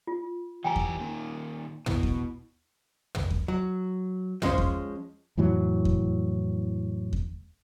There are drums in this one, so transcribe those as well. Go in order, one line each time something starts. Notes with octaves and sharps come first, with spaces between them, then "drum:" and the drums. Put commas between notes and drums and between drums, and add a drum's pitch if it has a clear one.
F4
E3 G4 G5 G#5 A#5
drum: kick E2
A#2 D#3
B2 E4, drum: tom
drum: kick E2
drum: tom
drum: kick E2
F#3
F3 G#3 C#4 C5, drum: tom
drum: kick E2
F2 A2 E3 F#3
drum: kick E2
drum: kick E2